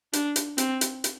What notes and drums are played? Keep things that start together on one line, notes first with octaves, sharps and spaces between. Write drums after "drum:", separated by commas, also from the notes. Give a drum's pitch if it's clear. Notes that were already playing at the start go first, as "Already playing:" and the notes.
D4, drum: hi-hat
drum: hi-hat
C4, drum: hi-hat
drum: hi-hat
drum: hi-hat